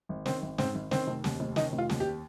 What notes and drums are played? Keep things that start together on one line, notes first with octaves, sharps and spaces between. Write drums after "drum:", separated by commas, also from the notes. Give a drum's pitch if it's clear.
G#1
D#3 C4, drum: snare
G#1
G#2 C4, drum: snare
G#1
D#3 C4, drum: snare
F1
D#2, drum: snare
F1
D#3 D#4, drum: snare
F1
F4
D#2, drum: snare
G4